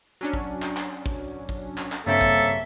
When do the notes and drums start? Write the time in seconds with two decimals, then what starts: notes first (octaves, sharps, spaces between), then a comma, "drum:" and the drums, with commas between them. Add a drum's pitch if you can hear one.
0.21 F#3 C#4 D4
0.33 drum: kick
0.62 drum: clap
0.77 drum: clap
1.06 drum: kick
1.49 drum: kick
1.78 drum: clap
1.92 drum: clap
2.07 G2 C#3 A#3 C4 A4 C#5 E5
2.21 drum: kick